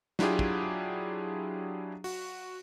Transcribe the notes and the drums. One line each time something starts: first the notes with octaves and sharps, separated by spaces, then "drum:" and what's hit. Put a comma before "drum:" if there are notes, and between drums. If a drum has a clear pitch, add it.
F#3 D4 E4 F4 G4 G#4, drum: snare
drum: kick
F#4, drum: open hi-hat